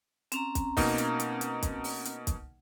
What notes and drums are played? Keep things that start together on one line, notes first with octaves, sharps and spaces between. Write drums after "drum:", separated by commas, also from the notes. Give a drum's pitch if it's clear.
C4 C#4 A#5, drum: hi-hat
drum: kick, hi-hat
B2 A#3 D#4, drum: kick, open hi-hat
drum: hi-hat
drum: hi-hat
drum: hi-hat
drum: kick, hi-hat
drum: open hi-hat
drum: hi-hat
drum: kick, hi-hat